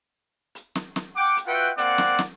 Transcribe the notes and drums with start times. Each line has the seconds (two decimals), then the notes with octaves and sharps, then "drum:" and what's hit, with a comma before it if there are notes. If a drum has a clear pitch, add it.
0.55 drum: hi-hat
0.75 drum: snare
0.96 drum: snare
1.16 F#5 G5 D6
1.37 drum: hi-hat
1.46 F4 F#4 B4 E5 F#5 G5
1.78 A#3 C4 D5 F#5, drum: hi-hat
1.98 drum: snare
2.19 drum: snare